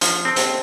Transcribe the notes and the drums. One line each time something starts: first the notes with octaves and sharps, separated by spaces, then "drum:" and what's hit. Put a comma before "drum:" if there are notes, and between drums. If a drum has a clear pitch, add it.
F3, drum: hi-hat
C4 A4
G4 C5, drum: hi-hat